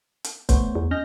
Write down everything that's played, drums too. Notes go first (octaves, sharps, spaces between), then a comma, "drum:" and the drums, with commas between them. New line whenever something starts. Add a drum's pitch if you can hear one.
drum: hi-hat
A1 A3 B3 C5 C#5, drum: kick, hi-hat
E2
C#4 D#5 F6 G6 A#6